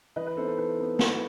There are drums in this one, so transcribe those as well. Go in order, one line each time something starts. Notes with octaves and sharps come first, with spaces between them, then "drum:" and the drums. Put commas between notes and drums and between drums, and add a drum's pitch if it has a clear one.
E3 B4 D#5
B4
B3 D#4 A4 C5
A4
E3 B4
B3 D#4
E3 B4, drum: snare